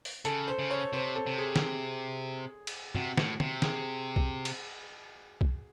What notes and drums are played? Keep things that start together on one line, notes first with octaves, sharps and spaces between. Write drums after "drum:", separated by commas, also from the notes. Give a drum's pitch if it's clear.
drum: open hi-hat
C#3 A4, drum: hi-hat
C5
C#3
C#5
C3 C5
A4
C3
G#4
drum: snare
drum: cymbal
C3 F#4, drum: tom
A2, drum: snare
C3, drum: tom
G#4, drum: snare
drum: kick
drum: cymbal
drum: kick